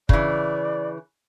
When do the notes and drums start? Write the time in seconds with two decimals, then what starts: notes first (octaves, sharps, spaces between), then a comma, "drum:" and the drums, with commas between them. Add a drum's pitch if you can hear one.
0.09 C#3 E3 D5, drum: kick